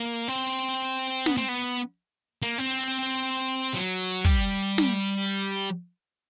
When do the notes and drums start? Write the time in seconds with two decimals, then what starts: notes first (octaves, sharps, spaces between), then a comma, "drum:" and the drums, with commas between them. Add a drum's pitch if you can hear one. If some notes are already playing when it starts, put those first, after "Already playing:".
Already playing: A#3
0.28 C4
1.26 B3, drum: snare
1.37 C4
1.49 B3
2.42 A#3
2.58 C4
2.83 drum: open hi-hat
3.74 F#3
4.25 G3, drum: kick
4.78 drum: snare